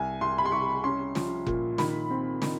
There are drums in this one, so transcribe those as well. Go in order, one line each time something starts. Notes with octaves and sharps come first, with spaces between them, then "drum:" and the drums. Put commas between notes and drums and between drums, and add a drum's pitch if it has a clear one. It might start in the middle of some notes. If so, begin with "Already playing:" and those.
Already playing: C2 G#5
C2 C6
B5
C6
C2 C#6
C#4 C6
F3, drum: snare
A#2, drum: kick F1
D#3 B5, drum: snare
C4
D#3, drum: snare